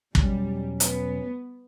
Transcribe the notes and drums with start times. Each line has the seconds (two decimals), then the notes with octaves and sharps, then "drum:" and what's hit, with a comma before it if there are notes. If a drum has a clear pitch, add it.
0.15 E2 B2 F#3 G3 C#4, drum: kick
0.80 B3, drum: hi-hat